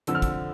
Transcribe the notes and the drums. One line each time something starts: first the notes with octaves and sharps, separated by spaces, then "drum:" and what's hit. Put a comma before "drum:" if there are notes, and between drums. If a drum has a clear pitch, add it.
F2 D3 F3 E6, drum: hi-hat
F6
E6, drum: kick, hi-hat